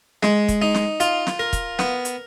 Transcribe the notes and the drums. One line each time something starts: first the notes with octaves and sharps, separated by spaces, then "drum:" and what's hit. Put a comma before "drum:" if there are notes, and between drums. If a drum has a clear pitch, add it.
G#3, drum: snare
drum: kick, hi-hat
D#4
drum: snare
F4, drum: hi-hat
drum: snare
A#4
drum: kick, hi-hat
B3, drum: snare
drum: hi-hat